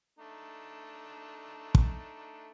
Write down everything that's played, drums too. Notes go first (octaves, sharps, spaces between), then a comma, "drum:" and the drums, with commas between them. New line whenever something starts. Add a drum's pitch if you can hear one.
A3 D4 D#4
drum: kick